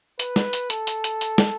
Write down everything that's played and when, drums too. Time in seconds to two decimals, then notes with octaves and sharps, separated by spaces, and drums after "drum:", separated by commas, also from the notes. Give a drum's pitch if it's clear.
0.19 B4, drum: hi-hat
0.36 drum: snare
0.53 drum: hi-hat
0.70 A4, drum: hi-hat
0.87 drum: hi-hat
1.04 drum: hi-hat
1.21 drum: hi-hat
1.38 drum: snare